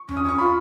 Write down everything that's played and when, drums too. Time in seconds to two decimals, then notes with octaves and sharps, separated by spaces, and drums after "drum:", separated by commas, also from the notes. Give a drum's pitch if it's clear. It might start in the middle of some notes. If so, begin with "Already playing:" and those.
Already playing: C#6
0.09 C#4, drum: tom E2
0.17 D#6
0.24 C#4 C#6
0.38 F4 B5